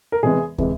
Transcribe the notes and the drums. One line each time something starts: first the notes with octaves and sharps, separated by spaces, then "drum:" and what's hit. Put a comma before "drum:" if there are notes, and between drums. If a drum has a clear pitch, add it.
A#4
E1 E2 C3 E3 G#3 G#4
C3 E3 G#3, drum: kick